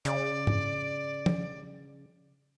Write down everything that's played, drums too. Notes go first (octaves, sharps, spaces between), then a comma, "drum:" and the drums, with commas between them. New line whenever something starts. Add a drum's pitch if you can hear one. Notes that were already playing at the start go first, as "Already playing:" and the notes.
C#3 D5, drum: hi-hat
drum: tom G#2
drum: tom